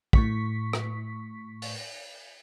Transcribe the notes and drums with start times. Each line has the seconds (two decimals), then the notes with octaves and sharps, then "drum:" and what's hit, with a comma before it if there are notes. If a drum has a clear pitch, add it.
0.13 A2 C#6 B6, drum: kick
0.73 drum: rim click
1.62 drum: open hi-hat